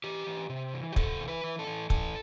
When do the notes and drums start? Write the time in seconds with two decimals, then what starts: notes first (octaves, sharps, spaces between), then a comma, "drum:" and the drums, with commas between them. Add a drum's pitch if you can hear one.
0.04 E3 G4
0.27 E3
0.50 C3
0.73 E3
0.92 G4
0.96 C3 A4, drum: kick
1.20 E3
1.28 B4
1.44 E3
1.59 A4
1.67 E3
1.90 E3 A4, drum: kick